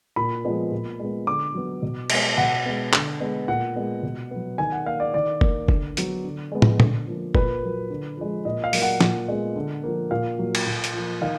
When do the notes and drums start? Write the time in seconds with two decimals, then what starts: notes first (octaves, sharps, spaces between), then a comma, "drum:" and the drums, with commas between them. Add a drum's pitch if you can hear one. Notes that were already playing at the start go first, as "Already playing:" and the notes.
0.16 A#2 B5
0.45 F3 G#3 B3
0.72 A#2
0.99 G#3 B3
1.27 D3 D6
1.54 F#3 B3
1.82 B2
2.10 G#3 B3, drum: cymbal
2.38 B2 F#5
2.66 G#3 B3
2.93 D3, drum: clap
3.20 G#3 B3
3.48 A#2 F#5
3.76 G#3 B3
4.03 B2
4.31 F#3 B3
4.58 D#3 G#5
4.72 F#5
4.86 A#3 F5
5.00 D5
5.14 D#3 D5
5.41 A#3, drum: kick
5.68 D3, drum: kick
5.97 F#3 B3, drum: hi-hat
6.24 D3
6.52 G#3 B3
6.62 drum: tom
6.80 D3, drum: tom A#2
7.07 F3 A#3
7.35 A#2 B4, drum: kick
7.63 F#3 A#3
7.90 D3
8.17 F3 G#3
8.45 A#2 D#5
8.64 F5
8.73 F#3 A#3, drum: open hi-hat
8.82 F#5
9.01 A#2, drum: snare
9.28 G#3 B3
9.56 D3
9.84 F3 A#3
10.11 A#2 F5
10.39 F#3 A#3
10.55 drum: cymbal
10.66 A#2
10.84 drum: hi-hat
10.93 F3 A#3
11.21 D#3 F5